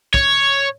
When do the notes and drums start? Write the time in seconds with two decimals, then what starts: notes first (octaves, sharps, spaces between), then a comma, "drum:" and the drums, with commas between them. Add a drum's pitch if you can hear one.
0.14 C#5, drum: kick